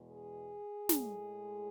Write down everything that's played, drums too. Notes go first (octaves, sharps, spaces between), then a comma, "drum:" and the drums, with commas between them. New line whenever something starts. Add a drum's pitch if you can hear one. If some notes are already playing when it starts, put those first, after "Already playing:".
Already playing: E2 B2 G#3
G#4
A2 G#3, drum: snare